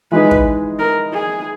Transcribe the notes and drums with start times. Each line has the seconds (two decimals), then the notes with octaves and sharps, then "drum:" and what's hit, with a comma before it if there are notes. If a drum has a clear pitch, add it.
0.11 E3 G#3 D#4 G#4 B4
0.31 drum: kick
0.79 A#4
1.13 G#4